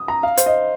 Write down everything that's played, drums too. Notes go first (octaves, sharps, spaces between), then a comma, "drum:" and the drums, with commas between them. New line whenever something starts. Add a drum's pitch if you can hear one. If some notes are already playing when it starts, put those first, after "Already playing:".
Already playing: D#6
A#5
F5
C5, drum: hi-hat
D#5